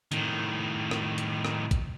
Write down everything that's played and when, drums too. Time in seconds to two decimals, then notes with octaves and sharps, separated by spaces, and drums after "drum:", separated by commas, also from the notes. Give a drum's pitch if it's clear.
0.12 A2 D#3, drum: hi-hat
0.91 drum: rim click
1.18 drum: hi-hat
1.45 drum: rim click
1.71 drum: kick, hi-hat